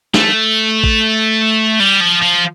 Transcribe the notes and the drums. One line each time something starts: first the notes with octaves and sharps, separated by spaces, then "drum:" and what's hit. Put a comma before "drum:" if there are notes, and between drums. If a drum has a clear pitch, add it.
A3, drum: snare
drum: kick A1
G3
F3
F3